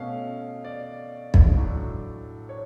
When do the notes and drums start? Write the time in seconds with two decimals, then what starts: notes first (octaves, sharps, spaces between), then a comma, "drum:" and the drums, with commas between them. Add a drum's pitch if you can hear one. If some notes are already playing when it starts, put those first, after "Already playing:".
Already playing: B2 A3 C#4 F5
0.64 D5
1.34 drum: kick
1.56 A2 F#3 A3 D4
2.49 C#5